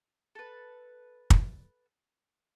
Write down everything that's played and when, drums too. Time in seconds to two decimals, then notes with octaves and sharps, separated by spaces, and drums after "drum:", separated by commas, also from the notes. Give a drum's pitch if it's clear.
0.35 A4 B4
1.30 drum: kick